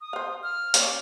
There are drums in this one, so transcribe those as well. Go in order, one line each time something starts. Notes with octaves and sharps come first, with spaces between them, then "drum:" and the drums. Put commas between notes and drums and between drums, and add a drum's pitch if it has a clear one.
D#6
C5 F5
F6
A#3 C#4 D5, drum: hi-hat